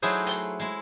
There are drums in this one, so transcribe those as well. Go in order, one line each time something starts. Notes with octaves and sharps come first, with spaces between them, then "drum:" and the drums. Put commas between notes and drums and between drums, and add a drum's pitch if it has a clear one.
F#3 A3 D#4 E4 G#4 C5
drum: open hi-hat
G#3 E4